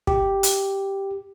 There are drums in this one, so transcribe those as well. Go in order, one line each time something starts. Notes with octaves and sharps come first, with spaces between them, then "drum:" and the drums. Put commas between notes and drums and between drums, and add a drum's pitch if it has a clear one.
G4, drum: kick
drum: hi-hat